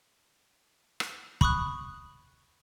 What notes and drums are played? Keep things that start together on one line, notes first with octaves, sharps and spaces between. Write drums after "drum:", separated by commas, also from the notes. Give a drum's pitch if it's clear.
drum: rim click
B5 C#6 D#6 F#6, drum: kick